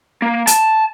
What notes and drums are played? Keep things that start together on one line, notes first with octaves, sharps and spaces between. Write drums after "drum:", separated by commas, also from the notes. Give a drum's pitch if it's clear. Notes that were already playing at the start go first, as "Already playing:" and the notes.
A#3
A5, drum: hi-hat